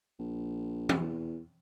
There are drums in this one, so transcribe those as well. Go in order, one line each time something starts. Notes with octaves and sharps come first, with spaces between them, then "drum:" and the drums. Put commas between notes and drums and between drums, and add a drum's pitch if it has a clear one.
A#1
drum: tom
E2